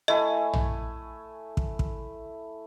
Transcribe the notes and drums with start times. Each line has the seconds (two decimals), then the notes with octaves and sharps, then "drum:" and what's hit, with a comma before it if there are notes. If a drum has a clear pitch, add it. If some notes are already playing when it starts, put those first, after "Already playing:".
0.08 A3 E4 D#5 G#5
0.53 drum: tom A#1
1.57 drum: kick
1.79 drum: kick